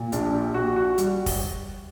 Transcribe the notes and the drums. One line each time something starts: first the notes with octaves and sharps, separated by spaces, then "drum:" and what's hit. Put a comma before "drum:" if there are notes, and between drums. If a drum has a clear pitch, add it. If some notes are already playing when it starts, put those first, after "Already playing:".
Already playing: A#2
A#1 D4, drum: hi-hat
G4
A#1 F#4
F#4
G3, drum: hi-hat
drum: kick, open hi-hat